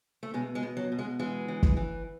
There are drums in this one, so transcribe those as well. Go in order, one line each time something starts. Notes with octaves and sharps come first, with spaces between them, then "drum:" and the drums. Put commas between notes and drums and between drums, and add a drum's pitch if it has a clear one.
A3
B2 G#3
G#3
B2
F#3
B2
G#3
E3 G#3
E3
drum: kick
E3